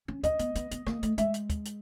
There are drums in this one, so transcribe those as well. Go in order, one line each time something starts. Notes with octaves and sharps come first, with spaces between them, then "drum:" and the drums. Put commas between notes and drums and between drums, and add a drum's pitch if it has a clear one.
C#4
C#4 D#5, drum: kick, hi-hat
B3, drum: hi-hat
B3, drum: hi-hat
B3, drum: hi-hat
A#3, drum: rim click
A3, drum: hi-hat
G#3 E5, drum: hi-hat
drum: hi-hat
drum: kick, hi-hat
drum: hi-hat